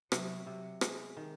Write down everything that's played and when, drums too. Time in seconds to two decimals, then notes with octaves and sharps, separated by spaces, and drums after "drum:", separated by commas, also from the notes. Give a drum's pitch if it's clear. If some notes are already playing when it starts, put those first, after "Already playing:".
0.12 C3 F#3, drum: rim click
0.47 C3
0.81 G#3, drum: rim click
1.17 D#3